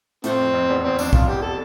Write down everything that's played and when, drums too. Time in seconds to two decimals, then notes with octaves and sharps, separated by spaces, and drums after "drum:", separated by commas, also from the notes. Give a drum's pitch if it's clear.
0.24 A2 F3 A3 C4, drum: hi-hat
0.38 F2
0.53 F2
0.69 E2
0.83 E2 C4
0.99 F2 D4, drum: tambourine
1.13 F2 F4, drum: kick B1
1.28 E2 G4
1.42 A4